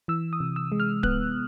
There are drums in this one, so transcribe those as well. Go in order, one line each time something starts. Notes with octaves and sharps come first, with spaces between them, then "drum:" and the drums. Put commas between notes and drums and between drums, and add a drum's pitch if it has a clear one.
E3 E6
D#6
C3
E6
G#3
F6
B3 F#6, drum: kick D1